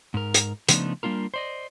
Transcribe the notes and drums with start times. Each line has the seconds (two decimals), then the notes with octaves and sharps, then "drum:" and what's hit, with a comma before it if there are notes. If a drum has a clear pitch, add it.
0.14 G#2 A#4
0.34 drum: hi-hat
0.69 C#3 F3 A3 B3 D4 D#4, drum: hi-hat
1.03 G3 A#3 D4 F4 A#4
1.34 C5 D5 D#5